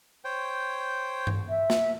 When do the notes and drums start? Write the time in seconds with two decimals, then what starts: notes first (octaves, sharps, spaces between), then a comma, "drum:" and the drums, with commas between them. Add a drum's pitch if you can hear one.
0.25 C5 C#5 G5
1.27 drum: tom G2
1.49 E5
1.70 drum: snare